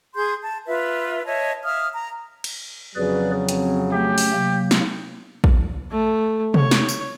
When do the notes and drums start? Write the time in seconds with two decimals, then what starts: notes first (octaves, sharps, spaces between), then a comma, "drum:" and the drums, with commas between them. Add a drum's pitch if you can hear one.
0.15 G#4 C6 G6
0.42 A5
0.67 F4 B4 E5
1.26 C#5 D#5 E5 A5
1.64 E5 F5 D#6 F6
1.94 A#5
2.44 drum: cymbal
2.96 F2 C#3 F#3 G#4 B4 D5
3.49 C4, drum: hi-hat
3.93 A3 C#4 G4
4.18 drum: open hi-hat
4.33 C3 F#3 A#3
4.71 drum: snare
5.44 drum: kick
5.91 A3
6.54 C#5, drum: tom C3
6.71 drum: snare
6.89 drum: tambourine